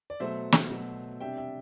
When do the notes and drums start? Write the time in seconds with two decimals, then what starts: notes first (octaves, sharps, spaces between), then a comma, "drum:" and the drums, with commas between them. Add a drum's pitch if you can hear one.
0.10 D5
0.20 B2 F#3 A3 C5 E5
0.52 drum: snare
0.70 B2 F#3 A3
1.20 C3 G3 D4 E5 G5
1.37 E5 G5